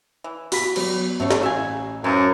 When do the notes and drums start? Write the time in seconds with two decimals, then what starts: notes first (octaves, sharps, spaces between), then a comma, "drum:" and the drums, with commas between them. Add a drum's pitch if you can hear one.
0.24 E3
0.52 F#4 B5 B6, drum: open hi-hat
0.76 F#3 G3 B3, drum: cymbal
1.20 A1 A3 F#4 C#5
1.30 drum: snare
1.43 E5 F5 G#5
2.04 F#2 E3 F3 C#4